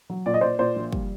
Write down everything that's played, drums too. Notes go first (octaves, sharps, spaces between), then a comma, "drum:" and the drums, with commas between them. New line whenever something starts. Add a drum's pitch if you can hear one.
F#3
A#2 D5
D#5
A#2 C5 D5
A#2 C5 D5
A#1
G3, drum: kick